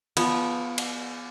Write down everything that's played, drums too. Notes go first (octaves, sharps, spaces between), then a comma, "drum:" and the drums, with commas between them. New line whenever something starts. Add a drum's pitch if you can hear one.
F3 B3, drum: cymbal
drum: cymbal